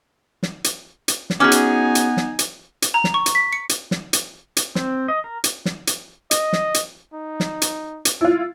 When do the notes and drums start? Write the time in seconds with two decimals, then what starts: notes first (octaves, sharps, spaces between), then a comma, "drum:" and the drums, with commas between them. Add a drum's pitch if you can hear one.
0.43 drum: snare
0.64 drum: hi-hat
1.08 drum: hi-hat
1.30 drum: snare
1.40 B3 C#4 D#4 F#4 G#4 G#5 D6 F6
1.52 drum: hi-hat
1.95 drum: hi-hat
2.17 drum: snare
2.39 drum: hi-hat
2.82 drum: hi-hat
2.94 A#5
3.04 drum: snare
3.14 C#6
3.26 drum: hi-hat
3.35 B6
3.53 C#7
3.69 drum: hi-hat
3.91 drum: snare
4.13 drum: hi-hat
4.57 drum: hi-hat
4.75 C4, drum: snare
5.08 D#5
5.24 A#4
5.44 drum: hi-hat
5.65 drum: snare
5.87 drum: hi-hat
6.31 D#5, drum: hi-hat
6.53 drum: snare
6.74 drum: hi-hat
7.14 D#4
7.40 drum: snare
7.62 drum: hi-hat
8.05 drum: hi-hat
8.21 E4 F4